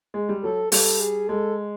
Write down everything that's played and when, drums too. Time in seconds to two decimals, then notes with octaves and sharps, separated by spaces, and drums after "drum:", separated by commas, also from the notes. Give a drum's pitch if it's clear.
0.14 G#3
0.29 G3
0.44 F#3 A4
0.72 G3 A4, drum: open hi-hat
1.01 G#4
1.29 G#3 A4